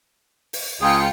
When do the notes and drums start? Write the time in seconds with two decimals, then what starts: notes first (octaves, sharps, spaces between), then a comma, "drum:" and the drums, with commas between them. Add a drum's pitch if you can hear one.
0.53 drum: open hi-hat
0.81 C#2 F4 G#4 G5 C#7